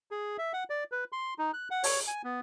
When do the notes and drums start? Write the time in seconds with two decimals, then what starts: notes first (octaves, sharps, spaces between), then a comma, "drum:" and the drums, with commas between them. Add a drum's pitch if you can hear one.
0.11 G#4
0.38 E5
0.53 F#5
0.70 D5
0.92 B4
1.12 C6
1.39 D#4
1.54 F#6
1.71 F#5
1.84 C#5, drum: open hi-hat
2.07 G#5
2.24 B3